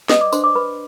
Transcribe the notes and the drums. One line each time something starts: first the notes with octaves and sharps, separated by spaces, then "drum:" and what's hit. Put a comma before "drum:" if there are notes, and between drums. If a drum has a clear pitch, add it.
B4 D#5 D#6, drum: snare
D5 D6
D4 C5 C6, drum: tambourine
D5 D6
B4 B5